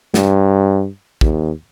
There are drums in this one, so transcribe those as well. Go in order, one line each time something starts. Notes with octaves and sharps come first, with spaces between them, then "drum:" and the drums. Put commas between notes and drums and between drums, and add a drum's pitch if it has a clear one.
G2, drum: snare
D#2, drum: kick